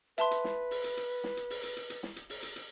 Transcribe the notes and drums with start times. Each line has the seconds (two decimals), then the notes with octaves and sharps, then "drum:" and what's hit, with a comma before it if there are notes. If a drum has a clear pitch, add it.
0.18 B4 E5 A5 C6, drum: hi-hat
0.31 drum: hi-hat
0.44 drum: snare
0.71 drum: open hi-hat
0.84 drum: hi-hat
0.97 drum: hi-hat
1.24 drum: snare
1.37 drum: hi-hat
1.50 drum: open hi-hat
1.63 drum: hi-hat
1.77 drum: hi-hat
1.90 drum: hi-hat
2.03 drum: snare
2.16 drum: hi-hat
2.30 drum: open hi-hat
2.43 drum: hi-hat
2.56 drum: hi-hat